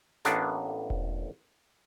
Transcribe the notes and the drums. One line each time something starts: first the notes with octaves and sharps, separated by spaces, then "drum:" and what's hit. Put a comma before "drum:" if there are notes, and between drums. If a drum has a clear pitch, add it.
A1 A2 A#3 B3 D4 D5, drum: snare
drum: kick E1